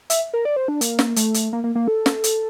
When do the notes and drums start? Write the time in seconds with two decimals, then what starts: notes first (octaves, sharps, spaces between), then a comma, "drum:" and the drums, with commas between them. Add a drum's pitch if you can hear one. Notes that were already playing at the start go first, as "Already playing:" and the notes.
0.10 E5, drum: hi-hat
0.34 A#4
0.45 D5
0.56 C5
0.68 D4
0.81 A#3, drum: hi-hat
0.99 drum: snare
1.16 A3, drum: hi-hat
1.34 drum: hi-hat
1.53 A#3
1.64 A#3
1.75 A#3
1.88 A4
2.06 drum: snare
2.24 drum: hi-hat